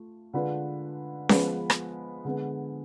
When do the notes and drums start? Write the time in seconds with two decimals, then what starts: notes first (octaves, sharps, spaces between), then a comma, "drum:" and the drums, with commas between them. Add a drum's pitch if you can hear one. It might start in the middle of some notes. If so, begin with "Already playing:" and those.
Already playing: A3 F4
0.34 D3 G#3 D4 F4 B4
1.29 F3 G#3 B3 F4 B4, drum: snare C#4
1.70 drum: rim click
2.25 D3 G#3 B3